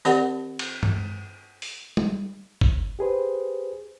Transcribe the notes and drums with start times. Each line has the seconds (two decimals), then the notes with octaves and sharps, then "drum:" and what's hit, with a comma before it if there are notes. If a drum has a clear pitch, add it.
0.05 D#3 C4 G4 A#4 D5 F#5, drum: tambourine
0.59 drum: cymbal
0.83 drum: tom G2
1.62 drum: open hi-hat
1.97 drum: tom G3
2.61 drum: kick
2.99 G4 G#4 B4 C5